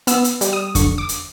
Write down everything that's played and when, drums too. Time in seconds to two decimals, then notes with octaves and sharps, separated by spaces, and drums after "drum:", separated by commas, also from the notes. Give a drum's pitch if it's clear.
0.07 B3 E6, drum: hi-hat
0.24 drum: hi-hat
0.41 G3, drum: hi-hat
0.53 D#6
0.75 D3 C#6, drum: kick F2, hi-hat
0.98 D6
1.09 drum: hi-hat